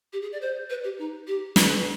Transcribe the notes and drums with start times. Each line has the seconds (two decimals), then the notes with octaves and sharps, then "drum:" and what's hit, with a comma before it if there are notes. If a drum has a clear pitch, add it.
0.13 G4
0.22 G#4
0.32 D5
0.41 C5
0.70 B4
0.84 G4
0.99 D#4
1.27 G4
1.56 B4, drum: snare